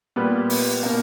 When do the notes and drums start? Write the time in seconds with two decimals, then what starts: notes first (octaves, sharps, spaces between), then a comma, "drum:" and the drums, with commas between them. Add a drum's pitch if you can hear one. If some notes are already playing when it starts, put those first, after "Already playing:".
0.16 A#2 G3 B3 G4 B4
0.50 drum: open hi-hat
0.83 B2 A#3